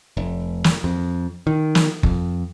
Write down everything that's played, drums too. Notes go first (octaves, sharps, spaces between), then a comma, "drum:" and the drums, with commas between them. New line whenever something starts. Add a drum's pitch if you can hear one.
F1
drum: snare
F2
D#3
drum: snare
F2, drum: kick F#1